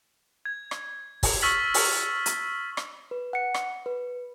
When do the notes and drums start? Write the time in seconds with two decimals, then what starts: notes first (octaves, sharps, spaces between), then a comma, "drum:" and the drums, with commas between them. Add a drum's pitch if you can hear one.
0.45 G#6
0.71 drum: rim click
1.23 drum: kick, open hi-hat
1.42 C#6 E6 F6 A6 B6 F#7
1.74 drum: open hi-hat
2.26 drum: hi-hat
2.77 drum: rim click
3.11 B4
3.33 F#5 C#7
3.54 drum: rim click
3.86 B4